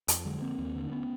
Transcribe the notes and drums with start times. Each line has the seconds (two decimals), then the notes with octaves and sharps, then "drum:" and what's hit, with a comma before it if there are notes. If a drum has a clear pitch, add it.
0.08 F2, drum: hi-hat
0.25 D3 F#3 G#3
0.41 F2 A#3 C4
0.59 D#2
0.75 D3
0.87 D4
0.92 B3 C#4